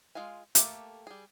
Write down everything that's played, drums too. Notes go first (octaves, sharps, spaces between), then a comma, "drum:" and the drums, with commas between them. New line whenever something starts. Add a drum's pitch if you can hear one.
G#3 F4 F5 G#5
A3 A#3 C#4 G4 A4, drum: hi-hat
G3 G#4